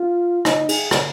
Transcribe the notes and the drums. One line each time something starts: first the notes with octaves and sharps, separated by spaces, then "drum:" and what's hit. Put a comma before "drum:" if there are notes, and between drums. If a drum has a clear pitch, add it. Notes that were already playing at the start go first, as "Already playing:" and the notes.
Already playing: F4
D#4, drum: rim click
G#4, drum: cymbal
drum: rim click